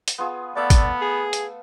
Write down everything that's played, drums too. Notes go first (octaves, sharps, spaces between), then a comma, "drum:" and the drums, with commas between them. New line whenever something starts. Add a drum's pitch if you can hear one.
drum: hi-hat
B3 F4 G#4
A3 B3 D5 F5 E6
drum: kick, hi-hat
G#4
drum: hi-hat